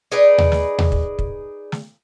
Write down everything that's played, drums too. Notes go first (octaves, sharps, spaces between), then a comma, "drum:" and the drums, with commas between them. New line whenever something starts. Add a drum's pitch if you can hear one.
D#4 G#4 B4 D5
drum: tom D#2
drum: snare
drum: tom D#2
drum: kick
drum: kick
drum: snare